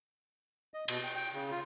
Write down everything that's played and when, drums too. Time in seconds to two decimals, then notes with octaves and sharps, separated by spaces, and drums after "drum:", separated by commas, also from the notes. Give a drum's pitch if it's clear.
0.74 D#5
0.88 B2, drum: cymbal
1.04 G5
1.15 G5
1.34 C#3
1.51 F4